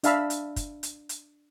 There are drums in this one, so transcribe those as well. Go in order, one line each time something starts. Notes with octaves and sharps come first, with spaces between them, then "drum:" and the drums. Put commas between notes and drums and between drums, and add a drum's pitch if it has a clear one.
D4 E5 F5 A5 B5 E6, drum: hi-hat
drum: hi-hat
drum: kick, hi-hat
drum: hi-hat
drum: hi-hat